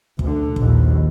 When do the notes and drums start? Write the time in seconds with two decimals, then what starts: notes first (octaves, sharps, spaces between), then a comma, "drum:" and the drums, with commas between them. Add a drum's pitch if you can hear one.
0.19 D2 D3, drum: kick
0.56 A#1 D#2, drum: kick